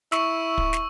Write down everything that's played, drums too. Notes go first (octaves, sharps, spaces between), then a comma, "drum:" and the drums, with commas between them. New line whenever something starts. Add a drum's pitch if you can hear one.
E4 C#6 E6, drum: snare
drum: kick
drum: snare